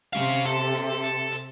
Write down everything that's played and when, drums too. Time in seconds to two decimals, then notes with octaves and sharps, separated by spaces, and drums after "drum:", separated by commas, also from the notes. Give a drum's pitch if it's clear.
0.13 C3 C#4 F5
0.46 A4, drum: hi-hat
0.75 drum: hi-hat
1.03 drum: hi-hat
1.32 drum: hi-hat